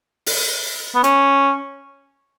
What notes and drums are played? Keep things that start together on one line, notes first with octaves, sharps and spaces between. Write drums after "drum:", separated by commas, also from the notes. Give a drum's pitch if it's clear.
drum: open hi-hat
B3
C#4, drum: hi-hat